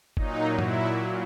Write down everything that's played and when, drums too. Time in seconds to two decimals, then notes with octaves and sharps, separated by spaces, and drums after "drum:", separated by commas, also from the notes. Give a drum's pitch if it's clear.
0.17 A#2 F#3 D#4, drum: kick G1
0.59 E4, drum: tom G2